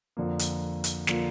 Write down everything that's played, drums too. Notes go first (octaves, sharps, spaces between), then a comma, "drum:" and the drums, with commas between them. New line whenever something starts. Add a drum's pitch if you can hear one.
F2 D3 F3 A#3
drum: hi-hat
drum: hi-hat
D3 F3 A#3, drum: snare